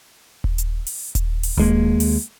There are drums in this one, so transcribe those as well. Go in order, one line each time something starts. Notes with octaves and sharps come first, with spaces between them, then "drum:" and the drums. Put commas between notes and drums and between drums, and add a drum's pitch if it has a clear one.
drum: kick D#1
drum: hi-hat
drum: open hi-hat
drum: kick D#1, hi-hat
drum: open hi-hat
D#2 G#3 A#3, drum: kick D#1
drum: open hi-hat